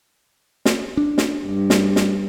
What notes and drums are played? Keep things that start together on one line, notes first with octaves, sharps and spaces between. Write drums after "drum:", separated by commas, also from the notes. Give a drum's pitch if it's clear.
drum: snare
D4
drum: snare
G2
drum: snare
drum: snare